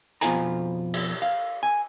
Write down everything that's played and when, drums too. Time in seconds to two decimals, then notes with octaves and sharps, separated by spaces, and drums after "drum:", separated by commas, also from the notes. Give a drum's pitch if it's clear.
0.21 F2 B2 F4 C5 G#5 A#5, drum: hi-hat
0.94 drum: cymbal
1.22 F5
1.63 G#5